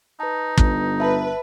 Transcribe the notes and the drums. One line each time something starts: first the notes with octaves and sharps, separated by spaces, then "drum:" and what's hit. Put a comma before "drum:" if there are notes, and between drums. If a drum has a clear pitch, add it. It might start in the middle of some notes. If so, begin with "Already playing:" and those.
D#4 B4 A5
G1, drum: kick
B4 E5 A5